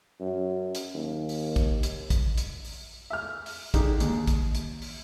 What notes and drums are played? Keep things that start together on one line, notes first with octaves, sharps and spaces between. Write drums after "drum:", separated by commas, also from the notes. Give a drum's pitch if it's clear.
F#2
drum: hi-hat
D#2
drum: open hi-hat
drum: kick, hi-hat
drum: hi-hat
drum: kick, hi-hat
drum: hi-hat
drum: open hi-hat
E5 F6
drum: open hi-hat
D3 D#4 G4 G#4 A#5, drum: kick, hi-hat
D#2, drum: hi-hat
drum: kick, hi-hat
drum: hi-hat
drum: open hi-hat